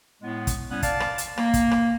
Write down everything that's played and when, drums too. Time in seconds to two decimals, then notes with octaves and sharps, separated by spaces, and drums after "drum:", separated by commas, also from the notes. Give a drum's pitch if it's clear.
0.22 A2 G#3 B3
0.47 drum: kick, hi-hat
0.70 A2 G3 B3 C#4 F#5 G#5
0.83 D5 F5 A5, drum: kick, hi-hat
1.00 drum: rim click
1.18 drum: hi-hat
1.37 A#3, drum: rim click
1.54 drum: kick, hi-hat
1.71 drum: rim click